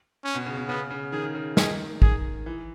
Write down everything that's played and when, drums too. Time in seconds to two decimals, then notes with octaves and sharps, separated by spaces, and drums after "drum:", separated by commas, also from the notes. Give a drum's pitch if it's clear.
0.24 C#4
0.35 B2
0.46 C#3
0.57 B2
0.68 C#3 B3
0.90 C#3
1.12 D#3 G#4
1.35 C#3
1.57 D#3 G#4, drum: snare
2.02 G#4, drum: kick A1
2.46 E3